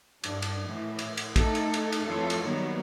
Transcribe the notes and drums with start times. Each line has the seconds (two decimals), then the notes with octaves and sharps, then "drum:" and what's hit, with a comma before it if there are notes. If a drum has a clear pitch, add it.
0.24 G2 D4, drum: cymbal
0.42 drum: cymbal
0.67 A2 E3
0.99 drum: cymbal
1.17 drum: cymbal
1.36 A3 D#4 A4, drum: kick, cymbal
1.55 drum: cymbal
1.74 drum: cymbal
1.92 drum: cymbal
2.04 F2 E3 A3 F4 A4 C#5
2.30 drum: cymbal
2.43 D#3 F#3 G3 A#3 B3